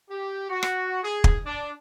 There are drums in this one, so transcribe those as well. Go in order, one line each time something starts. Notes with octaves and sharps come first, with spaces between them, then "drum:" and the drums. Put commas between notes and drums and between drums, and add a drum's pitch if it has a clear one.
G4
F#4
drum: rim click
G#4
drum: kick
D4